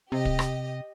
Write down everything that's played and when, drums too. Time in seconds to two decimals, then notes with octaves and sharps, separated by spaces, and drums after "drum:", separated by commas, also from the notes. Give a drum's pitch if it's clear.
0.12 C3 G4 D#5
0.25 drum: kick
0.39 drum: rim click